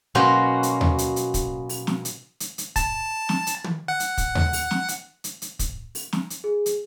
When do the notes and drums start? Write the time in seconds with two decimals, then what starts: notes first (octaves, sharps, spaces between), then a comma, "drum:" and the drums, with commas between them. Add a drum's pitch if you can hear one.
0.15 B2 F#3 A#3 C#4 F#4 C5
0.63 drum: hi-hat
0.81 drum: tom D#2
0.98 drum: hi-hat
1.16 drum: hi-hat
1.34 drum: kick, hi-hat
1.69 drum: open hi-hat
1.87 drum: snare
2.05 drum: hi-hat
2.40 drum: hi-hat
2.58 drum: hi-hat
2.76 A5, drum: kick, hi-hat
3.29 drum: snare
3.47 drum: hi-hat
3.64 drum: tom
3.88 F#5
4.00 drum: hi-hat
4.18 drum: kick, hi-hat
4.35 drum: tom D#2
4.53 drum: open hi-hat
4.71 drum: snare
4.88 drum: hi-hat
5.24 drum: hi-hat
5.42 drum: hi-hat
5.59 drum: kick, hi-hat
5.95 drum: open hi-hat
6.13 drum: snare
6.30 drum: hi-hat
6.44 G#4
6.66 drum: hi-hat